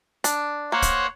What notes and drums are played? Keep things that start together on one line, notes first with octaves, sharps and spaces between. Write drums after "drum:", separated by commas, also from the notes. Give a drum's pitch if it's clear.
D4, drum: hi-hat
A#3 C5 C#5 F#5
drum: kick, hi-hat